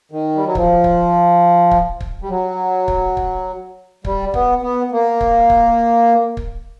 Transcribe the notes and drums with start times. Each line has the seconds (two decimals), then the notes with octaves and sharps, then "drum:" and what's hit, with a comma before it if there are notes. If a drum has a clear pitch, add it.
0.11 D#3
0.35 G3
0.46 F#3
0.55 F3, drum: kick
0.84 drum: kick
1.71 drum: kick
2.01 drum: kick
2.22 G3
2.29 F#3
2.88 drum: kick
3.17 drum: kick
4.05 G3, drum: kick
4.34 B3, drum: kick
4.62 B3
4.92 A#3
5.21 drum: kick
5.50 drum: kick
6.37 drum: kick